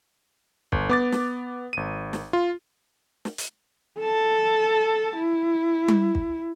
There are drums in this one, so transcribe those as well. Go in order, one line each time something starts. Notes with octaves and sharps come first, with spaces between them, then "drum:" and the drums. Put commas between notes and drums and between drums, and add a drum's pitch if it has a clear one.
G1, drum: kick
B3 D6 A6
drum: snare
G#1 D#7
drum: snare
F4
drum: snare
drum: hi-hat
A4 A5
E4
drum: tom G3
drum: kick